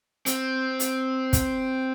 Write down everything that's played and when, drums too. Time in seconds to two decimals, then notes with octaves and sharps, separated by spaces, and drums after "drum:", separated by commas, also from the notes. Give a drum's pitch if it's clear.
0.26 C4, drum: hi-hat
0.80 drum: hi-hat
1.33 drum: kick, hi-hat